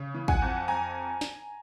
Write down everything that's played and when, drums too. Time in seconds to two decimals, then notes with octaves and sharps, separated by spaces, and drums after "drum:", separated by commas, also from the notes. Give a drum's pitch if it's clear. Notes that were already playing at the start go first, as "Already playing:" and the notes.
Already playing: C#3
0.14 E3
0.28 F#5 G#5, drum: kick
0.42 F2
0.68 F2 G#5 A#5
1.21 drum: snare